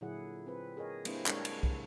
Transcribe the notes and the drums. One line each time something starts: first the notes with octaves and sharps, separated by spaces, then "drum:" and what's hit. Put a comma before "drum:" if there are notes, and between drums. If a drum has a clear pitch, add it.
A#2 D3 F#3 E4 G#4 F#5
C4 B4
G#4 A#4 C#5 D#5
G3 A#3 C4 D4 E4 C5, drum: cymbal
G#3 D4 A#4 C#5, drum: clap
drum: cymbal
drum: kick